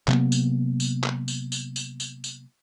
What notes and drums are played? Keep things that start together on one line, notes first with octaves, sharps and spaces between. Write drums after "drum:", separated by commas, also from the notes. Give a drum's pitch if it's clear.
C3 F#3 A#3 B3, drum: clap
drum: tambourine
drum: tambourine
drum: clap
drum: tambourine
drum: tambourine
drum: tambourine
drum: tambourine
drum: tambourine